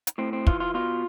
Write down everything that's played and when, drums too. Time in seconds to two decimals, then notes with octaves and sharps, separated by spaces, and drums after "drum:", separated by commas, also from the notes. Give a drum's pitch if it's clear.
0.07 drum: hi-hat
0.18 A2 C4
0.33 C4
0.47 E3 F4, drum: kick
0.60 F4
0.74 B2 F4